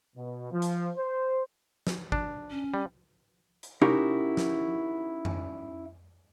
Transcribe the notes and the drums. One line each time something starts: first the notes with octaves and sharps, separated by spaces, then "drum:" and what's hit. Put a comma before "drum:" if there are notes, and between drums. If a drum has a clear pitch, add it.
B2
F3
drum: hi-hat
C5
drum: snare
D4, drum: kick
C#4
G3
drum: hi-hat
C#4 D#4 E4 F#4 G4 A#4, drum: tom C3
drum: snare
drum: tom F2